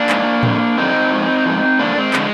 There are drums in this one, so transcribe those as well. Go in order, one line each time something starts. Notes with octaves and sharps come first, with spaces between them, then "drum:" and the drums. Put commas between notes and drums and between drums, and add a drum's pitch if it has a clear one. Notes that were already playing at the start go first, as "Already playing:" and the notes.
Already playing: A#3 D4
G#2 F3, drum: clap
F2 D3 G3, drum: tom A2
F2 D3 G3 C4 D#4
G#2 F3
G#2 F3
G2 D3 F3 A#3 D4
G#3 C4
D3 F3 G#3, drum: clap